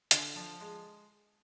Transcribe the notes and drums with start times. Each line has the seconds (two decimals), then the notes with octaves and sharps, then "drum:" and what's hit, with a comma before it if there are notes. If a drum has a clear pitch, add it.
0.11 D3, drum: hi-hat
0.36 F3
0.61 G#3